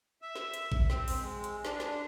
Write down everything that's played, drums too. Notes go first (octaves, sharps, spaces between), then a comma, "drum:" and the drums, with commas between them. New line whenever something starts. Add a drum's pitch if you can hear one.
E5
drum: snare
drum: hi-hat
drum: kick A1
C4, drum: snare
drum: open hi-hat
G#3
drum: hi-hat
D4, drum: snare
drum: snare